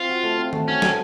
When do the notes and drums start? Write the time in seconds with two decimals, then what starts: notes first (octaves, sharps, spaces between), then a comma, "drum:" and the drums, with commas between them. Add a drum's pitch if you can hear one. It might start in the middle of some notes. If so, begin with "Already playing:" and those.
Already playing: C4 F4
0.09 F#4
0.23 A3
0.38 C4
0.53 A3, drum: tom D#3
0.67 C#4 F#4
0.82 A3, drum: snare